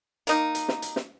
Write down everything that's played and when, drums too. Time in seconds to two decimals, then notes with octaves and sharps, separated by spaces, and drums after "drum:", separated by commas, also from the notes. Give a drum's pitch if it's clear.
0.27 A#3 D#4, drum: hi-hat
0.55 drum: hi-hat
0.68 drum: snare
0.82 drum: hi-hat
0.96 drum: snare